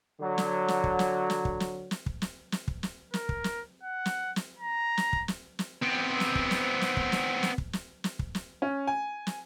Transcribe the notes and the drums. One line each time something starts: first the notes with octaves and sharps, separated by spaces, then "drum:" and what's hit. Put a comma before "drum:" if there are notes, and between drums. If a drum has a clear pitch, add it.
D3 F#3
drum: snare
drum: snare
drum: kick
drum: snare
drum: snare
drum: kick
drum: snare
drum: snare
drum: kick
drum: snare
drum: snare
drum: kick
drum: snare
A#4, drum: snare
drum: kick
drum: snare
F#5
drum: snare
drum: snare
A#5
drum: snare
drum: kick
drum: snare
drum: snare
B3 C4
drum: snare
drum: kick
drum: snare
drum: snare
drum: kick
drum: snare
drum: snare
drum: kick
drum: snare
drum: snare
drum: kick
drum: snare
C#4
G#5
drum: snare